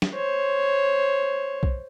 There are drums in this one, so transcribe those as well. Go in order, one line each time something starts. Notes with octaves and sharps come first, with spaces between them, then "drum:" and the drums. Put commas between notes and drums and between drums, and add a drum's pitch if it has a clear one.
drum: snare
C5 C#5
drum: kick B1